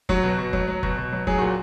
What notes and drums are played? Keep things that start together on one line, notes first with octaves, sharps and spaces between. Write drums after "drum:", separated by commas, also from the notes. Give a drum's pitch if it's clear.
F#3 F#4, drum: kick F#1
B2
B2
F#3, drum: kick F#1
F#3
B2, drum: kick F#1
B2
F#3
F#3 G#4, drum: kick F#1
A#2 F#4